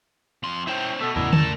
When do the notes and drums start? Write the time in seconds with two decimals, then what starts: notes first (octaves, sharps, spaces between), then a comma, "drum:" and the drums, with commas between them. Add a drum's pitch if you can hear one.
0.43 F2 C6
0.67 C#4 E4 C5 G5
1.01 B2 A3 A4
1.16 E2 A2 C#3 E4 A#4 D5
1.33 A3 A5, drum: tom D3